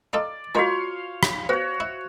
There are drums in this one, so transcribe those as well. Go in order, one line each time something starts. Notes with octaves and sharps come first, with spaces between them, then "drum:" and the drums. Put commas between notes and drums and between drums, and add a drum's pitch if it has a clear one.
D#4 F4 A4 D5
G#3 A#3 F4 F#4 C5 C#5 F5
drum: rim click
B3 F#4 C5 C#5
E4